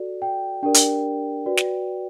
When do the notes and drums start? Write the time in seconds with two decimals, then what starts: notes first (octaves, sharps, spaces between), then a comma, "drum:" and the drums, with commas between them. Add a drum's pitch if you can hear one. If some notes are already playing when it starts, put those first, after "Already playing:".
Already playing: F#4 A4 D5
0.22 G5
0.63 D4 G4 A#4 D5 G5
0.74 drum: hi-hat
1.46 F#4 B4 D5
1.57 drum: snare